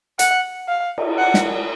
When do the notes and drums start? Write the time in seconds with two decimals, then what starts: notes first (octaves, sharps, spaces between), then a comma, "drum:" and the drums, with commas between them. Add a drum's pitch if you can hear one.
0.19 F#5, drum: hi-hat
0.69 F5
0.98 drum: cymbal
1.18 F#5
1.34 drum: snare